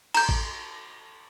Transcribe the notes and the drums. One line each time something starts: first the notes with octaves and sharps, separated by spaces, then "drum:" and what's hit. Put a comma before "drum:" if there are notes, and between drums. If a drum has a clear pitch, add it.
A#5 G6, drum: cymbal
drum: kick A1